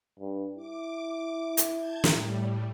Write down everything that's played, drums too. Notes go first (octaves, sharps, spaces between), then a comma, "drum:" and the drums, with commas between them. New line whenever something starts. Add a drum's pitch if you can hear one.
G2
E4 D6
drum: hi-hat
A5 G6 G#6
A2 G3, drum: snare